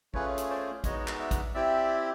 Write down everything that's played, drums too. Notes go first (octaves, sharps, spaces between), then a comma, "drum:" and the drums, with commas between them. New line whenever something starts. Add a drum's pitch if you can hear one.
A3 C#4 F4 G#4 B4 C#5, drum: kick A1
drum: hi-hat
C5 D5
G#3 B3 D#4 F#4 C#5 D#5, drum: kick A1, hi-hat
drum: clap
D5 E5
drum: kick A1, hi-hat
C4 E4 G4 D5 E5